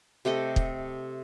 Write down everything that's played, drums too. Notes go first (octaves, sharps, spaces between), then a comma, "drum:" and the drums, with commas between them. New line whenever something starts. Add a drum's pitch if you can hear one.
C3 A3 G4 D#5
drum: kick